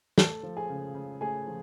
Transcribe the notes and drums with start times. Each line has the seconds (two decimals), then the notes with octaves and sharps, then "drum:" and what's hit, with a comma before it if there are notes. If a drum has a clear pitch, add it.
0.18 A3 A4 A5, drum: snare
0.43 F3
0.57 G#4 G#5
0.70 C#3
0.95 C#3
1.21 A3 G#4 G#5
1.47 F3